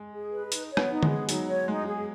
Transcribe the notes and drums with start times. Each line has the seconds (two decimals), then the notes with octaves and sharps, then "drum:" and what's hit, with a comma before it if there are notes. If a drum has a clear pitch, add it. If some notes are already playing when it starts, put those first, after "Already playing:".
Already playing: G#3
0.12 G#4
0.32 B4
0.52 D#4, drum: hi-hat
0.71 C#5
0.77 B3, drum: rim click
0.90 D#4
1.03 G#3, drum: tom D3
1.09 G#4
1.29 F#3 D#4, drum: hi-hat
1.48 C#5
1.67 G#3 D#4
1.86 G#4